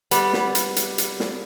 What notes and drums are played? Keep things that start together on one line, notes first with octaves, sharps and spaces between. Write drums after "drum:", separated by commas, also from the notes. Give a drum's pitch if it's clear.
G3 B3, drum: hi-hat
drum: snare
drum: hi-hat
drum: hi-hat
drum: hi-hat
drum: snare